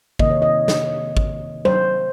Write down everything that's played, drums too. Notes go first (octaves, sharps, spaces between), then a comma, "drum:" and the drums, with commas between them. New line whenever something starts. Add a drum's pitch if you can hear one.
C3 D#3 A#3 D#5, drum: kick G#1
C#5
D#5
drum: snare
drum: kick G#1
C5, drum: tom F#3